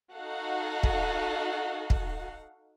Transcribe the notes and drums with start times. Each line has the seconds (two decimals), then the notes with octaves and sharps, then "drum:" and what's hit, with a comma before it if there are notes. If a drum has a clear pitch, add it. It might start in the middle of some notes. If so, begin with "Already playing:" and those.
0.12 D#4 F#4 A4 F5 F#5
0.83 drum: kick
1.90 drum: kick